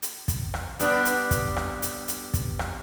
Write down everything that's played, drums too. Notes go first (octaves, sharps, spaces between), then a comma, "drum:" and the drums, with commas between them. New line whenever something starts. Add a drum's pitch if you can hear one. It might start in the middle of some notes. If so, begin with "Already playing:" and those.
drum: hi-hat
drum: kick, hi-hat
drum: rim click
G3 B3 D4, drum: hi-hat
drum: hi-hat
drum: kick, hi-hat
drum: rim click
drum: hi-hat
drum: hi-hat
drum: kick, hi-hat
drum: rim click